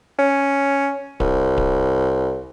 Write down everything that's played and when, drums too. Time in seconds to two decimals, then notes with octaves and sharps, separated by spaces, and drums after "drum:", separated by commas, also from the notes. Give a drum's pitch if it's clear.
0.19 C#4
1.20 C2, drum: kick D1
1.58 drum: kick D1